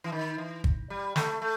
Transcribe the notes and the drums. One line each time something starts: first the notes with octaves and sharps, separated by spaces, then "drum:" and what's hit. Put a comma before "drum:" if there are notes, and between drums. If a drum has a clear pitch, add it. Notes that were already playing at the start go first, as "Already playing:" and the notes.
E3
D#3
E3
drum: kick
G3
A3, drum: snare
A3